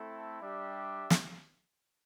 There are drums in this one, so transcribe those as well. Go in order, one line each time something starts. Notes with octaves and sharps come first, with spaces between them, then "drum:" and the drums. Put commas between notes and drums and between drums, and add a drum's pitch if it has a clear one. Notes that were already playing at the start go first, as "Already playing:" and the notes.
Already playing: A3 C4 E4 A4
G3 D4 G4 E5
drum: snare